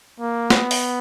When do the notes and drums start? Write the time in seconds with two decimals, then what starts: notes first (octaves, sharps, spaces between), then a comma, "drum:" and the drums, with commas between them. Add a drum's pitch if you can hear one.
0.20 A#3
0.50 B3, drum: snare
0.71 drum: open hi-hat